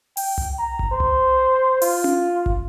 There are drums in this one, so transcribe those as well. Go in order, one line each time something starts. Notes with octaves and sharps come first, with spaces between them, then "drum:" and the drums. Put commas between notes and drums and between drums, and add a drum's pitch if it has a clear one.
G5, drum: open hi-hat
drum: tom C2
A#5
drum: kick G1
C5
drum: tom C2
F4, drum: open hi-hat
drum: tom C#4
drum: kick G1